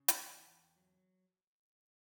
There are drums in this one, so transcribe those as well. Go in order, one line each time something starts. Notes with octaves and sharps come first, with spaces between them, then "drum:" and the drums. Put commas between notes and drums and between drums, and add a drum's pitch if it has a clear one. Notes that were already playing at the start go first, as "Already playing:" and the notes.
Already playing: C#3
G5, drum: hi-hat
E2 F#5 G#5
E2 G5 A5
F#3